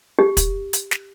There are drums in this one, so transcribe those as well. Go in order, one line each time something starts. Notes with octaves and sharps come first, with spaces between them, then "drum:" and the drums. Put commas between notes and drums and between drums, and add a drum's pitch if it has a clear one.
G4
drum: kick, hi-hat
drum: hi-hat
drum: snare